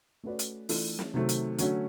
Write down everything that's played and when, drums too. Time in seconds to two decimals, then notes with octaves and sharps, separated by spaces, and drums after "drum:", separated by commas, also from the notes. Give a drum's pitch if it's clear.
0.23 A3 C#4 F#4 B4 D5
0.39 drum: hi-hat
0.69 E3 A3 D4 F4 A4, drum: open hi-hat
0.99 drum: snare
1.14 C3 D#3 F#3 A3 C4
1.29 drum: hi-hat
1.58 D3 F#3 A3 C#4 F#4, drum: hi-hat